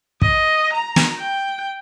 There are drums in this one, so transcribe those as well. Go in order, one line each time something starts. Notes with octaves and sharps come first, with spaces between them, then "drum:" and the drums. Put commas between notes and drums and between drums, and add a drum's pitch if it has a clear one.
D#5, drum: kick
A#5
drum: snare
G5